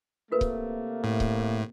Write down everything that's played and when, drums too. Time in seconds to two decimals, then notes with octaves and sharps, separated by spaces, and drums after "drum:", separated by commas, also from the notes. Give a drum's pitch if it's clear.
0.32 C3 A3 A#3 F4 A#4 B4
0.41 drum: kick C#1
1.04 A2
1.20 drum: kick C#1